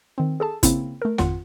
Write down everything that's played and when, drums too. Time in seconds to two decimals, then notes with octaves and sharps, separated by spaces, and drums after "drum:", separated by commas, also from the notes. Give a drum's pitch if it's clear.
0.18 D#3 C4
0.40 G#4 A4 A5
0.63 C#3 A#3 C4 E4, drum: kick, hi-hat
1.02 A3 A#4
1.18 G#1 F2 F4 F#5, drum: snare